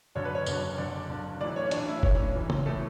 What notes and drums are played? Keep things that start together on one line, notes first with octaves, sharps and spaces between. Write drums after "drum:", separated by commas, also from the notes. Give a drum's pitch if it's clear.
F#1 F#2 D3 C#5
B4
C#5
F#1 F#2 D3, drum: tambourine
F#1 F#2 D3 D5
F#1 F#2 D3
B1 A2 E3 D5
C#5
C#4
B1 A2 E3 D4, drum: hi-hat
E4
B1 A2 E3 C#4, drum: kick F#1
B1 A2 E3
drum: tom C#3
A2 E3 A3